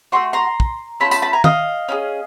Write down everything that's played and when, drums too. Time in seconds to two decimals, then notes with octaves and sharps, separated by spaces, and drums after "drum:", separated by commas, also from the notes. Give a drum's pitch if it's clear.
0.12 A3 D4 F#4 C6
0.33 A#5 C6
0.60 drum: kick
1.00 A3 C#4 F4 A5 B5
1.11 A5 B5, drum: tambourine
1.22 A5 B5
1.33 G#5 A#5
1.44 D#5 F5, drum: tom
1.89 C#4 E4 G#4